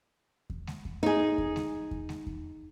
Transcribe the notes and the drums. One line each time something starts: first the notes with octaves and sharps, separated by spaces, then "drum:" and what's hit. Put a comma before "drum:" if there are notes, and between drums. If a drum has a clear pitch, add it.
drum: kick E2
drum: snare G#3
drum: kick E2
D#4 G#4
drum: kick E2
drum: snare G#3
drum: kick E2
drum: snare G#3
drum: kick E2